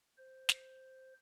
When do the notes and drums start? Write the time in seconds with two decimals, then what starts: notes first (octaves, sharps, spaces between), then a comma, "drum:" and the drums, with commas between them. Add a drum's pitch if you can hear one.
0.18 C5
0.49 drum: snare